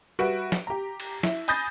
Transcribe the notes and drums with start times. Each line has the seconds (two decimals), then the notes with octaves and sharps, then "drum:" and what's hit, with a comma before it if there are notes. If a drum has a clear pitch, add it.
0.19 G3 F#4 B4 E5 D7
0.52 drum: snare
0.67 G4 A#5
1.00 drum: cymbal
1.23 E4, drum: snare
1.48 G#5 B5 D#6 G6 A6 A#6, drum: cymbal